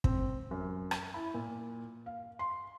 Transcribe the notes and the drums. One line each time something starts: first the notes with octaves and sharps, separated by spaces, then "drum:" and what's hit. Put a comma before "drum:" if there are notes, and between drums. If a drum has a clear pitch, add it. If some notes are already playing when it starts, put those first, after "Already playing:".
C4, drum: kick
F#2
drum: rim click
E4
A#2
F5
C6